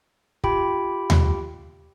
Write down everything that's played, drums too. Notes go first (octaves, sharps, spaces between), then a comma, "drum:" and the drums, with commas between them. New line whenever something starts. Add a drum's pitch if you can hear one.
F4 G4 G5 B5, drum: kick
drum: tom D#2